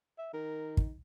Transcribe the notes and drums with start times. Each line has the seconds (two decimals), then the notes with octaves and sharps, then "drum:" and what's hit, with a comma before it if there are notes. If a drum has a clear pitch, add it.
0.19 E5
0.34 D#3 A#4
0.77 drum: kick